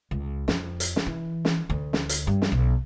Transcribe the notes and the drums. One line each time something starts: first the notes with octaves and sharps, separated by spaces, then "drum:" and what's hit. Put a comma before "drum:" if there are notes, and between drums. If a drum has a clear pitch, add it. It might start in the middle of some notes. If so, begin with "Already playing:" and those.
C#2
F2, drum: snare
drum: hi-hat
drum: snare
E3
drum: snare
D2
drum: snare
drum: hi-hat
G2
drum: snare
B1